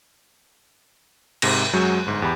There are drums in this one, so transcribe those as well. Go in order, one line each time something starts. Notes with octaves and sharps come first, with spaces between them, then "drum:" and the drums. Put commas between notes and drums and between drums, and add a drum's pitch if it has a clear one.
G#2 C3 A#6, drum: cymbal
F#2 F#3 G#3 F#4 C#6 G6
G1 G#2
E2 G4 B5